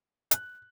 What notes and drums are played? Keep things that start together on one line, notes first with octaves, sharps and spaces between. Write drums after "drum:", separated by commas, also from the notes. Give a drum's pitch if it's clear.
F#6, drum: hi-hat